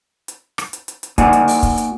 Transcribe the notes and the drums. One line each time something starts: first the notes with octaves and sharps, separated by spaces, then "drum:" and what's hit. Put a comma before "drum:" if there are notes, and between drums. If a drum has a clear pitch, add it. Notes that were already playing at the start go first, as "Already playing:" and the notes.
drum: hi-hat
drum: rim click
drum: hi-hat
drum: hi-hat
drum: hi-hat
A#3 D#4 F#4 D5 F#5 G#5, drum: kick, hi-hat
drum: hi-hat
drum: open hi-hat
drum: kick, hi-hat
drum: hi-hat